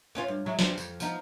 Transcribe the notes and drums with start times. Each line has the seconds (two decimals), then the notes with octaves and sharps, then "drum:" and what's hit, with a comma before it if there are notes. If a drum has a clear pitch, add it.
0.15 B3 C#4 F4
0.28 G2
0.46 F#3 G#3 E4
0.59 E2 C4 D4, drum: snare
0.78 F2, drum: tambourine
1.00 F3 B3 D#4, drum: tambourine